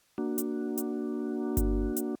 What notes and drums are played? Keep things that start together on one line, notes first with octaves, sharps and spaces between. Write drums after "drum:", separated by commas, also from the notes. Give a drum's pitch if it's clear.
A#3 D4 F#4
drum: hi-hat
drum: hi-hat
drum: kick G1, hi-hat
drum: hi-hat